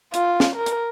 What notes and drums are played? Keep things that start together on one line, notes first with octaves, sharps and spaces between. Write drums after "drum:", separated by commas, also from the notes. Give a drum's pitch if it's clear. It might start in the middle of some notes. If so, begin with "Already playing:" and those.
F4, drum: hi-hat
drum: snare
A#4
drum: hi-hat